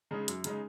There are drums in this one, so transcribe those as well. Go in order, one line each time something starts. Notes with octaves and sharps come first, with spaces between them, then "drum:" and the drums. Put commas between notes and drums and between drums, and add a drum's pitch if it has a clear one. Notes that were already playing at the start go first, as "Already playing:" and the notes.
C#3 G#3 D#4
F#2, drum: hi-hat
C#3 G#3 D#4, drum: hi-hat